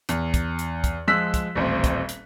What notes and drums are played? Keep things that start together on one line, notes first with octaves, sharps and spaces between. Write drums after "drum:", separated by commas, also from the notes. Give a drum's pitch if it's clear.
E2, drum: hi-hat
drum: kick, hi-hat
drum: hi-hat
drum: kick, hi-hat
F3 G#3 E6 F#6 B6
drum: kick, hi-hat
D#1 A1 C4
drum: kick, hi-hat
drum: hi-hat